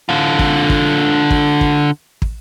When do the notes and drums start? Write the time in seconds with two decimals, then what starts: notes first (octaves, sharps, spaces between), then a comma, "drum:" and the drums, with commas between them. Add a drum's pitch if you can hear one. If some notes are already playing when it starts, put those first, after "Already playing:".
0.09 D3 F4
0.39 drum: kick
0.70 drum: kick
1.30 drum: kick
1.61 drum: kick
2.22 drum: kick